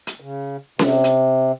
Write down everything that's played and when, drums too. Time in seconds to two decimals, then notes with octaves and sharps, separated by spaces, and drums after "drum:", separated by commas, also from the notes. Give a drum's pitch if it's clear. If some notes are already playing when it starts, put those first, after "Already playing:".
0.07 drum: hi-hat
0.20 C#3
0.79 C3, drum: snare C#4
1.04 drum: hi-hat